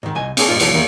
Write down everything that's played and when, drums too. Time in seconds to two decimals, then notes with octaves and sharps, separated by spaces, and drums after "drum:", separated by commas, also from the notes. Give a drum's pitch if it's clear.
0.03 G#2 D#3
0.15 C2 D#5 G#5
0.37 C4 D4 G#4 A4 C#5, drum: cymbal
0.48 G2 A#2 D#4 F4
0.60 D2 A#2 E3 F#3 A3, drum: cymbal
0.73 E2 D#3 A#3 E5